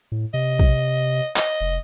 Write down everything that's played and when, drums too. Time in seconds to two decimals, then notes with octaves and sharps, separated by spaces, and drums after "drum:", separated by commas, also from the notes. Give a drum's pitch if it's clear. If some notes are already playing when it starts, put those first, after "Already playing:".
0.12 A2
0.34 C3 D#5
0.59 drum: kick A#1
1.36 D#5, drum: clap
1.61 F1